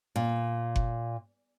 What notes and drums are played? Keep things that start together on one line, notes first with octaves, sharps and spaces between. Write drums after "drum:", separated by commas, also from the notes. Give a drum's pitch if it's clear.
A#2
drum: kick F#1